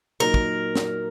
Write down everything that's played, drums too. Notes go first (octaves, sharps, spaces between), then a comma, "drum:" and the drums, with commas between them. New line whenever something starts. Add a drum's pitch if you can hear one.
A#2 F#3 A#3 D#4 A#4
drum: kick
drum: snare